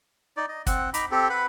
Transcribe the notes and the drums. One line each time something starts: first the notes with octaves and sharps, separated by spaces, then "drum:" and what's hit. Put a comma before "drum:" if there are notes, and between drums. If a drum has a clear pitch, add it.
D#4 D5
D#5
C4 F#5, drum: kick, hi-hat
D#4 A#5 B5 D6, drum: hi-hat
C4 G4 A4
B4 F#5 B5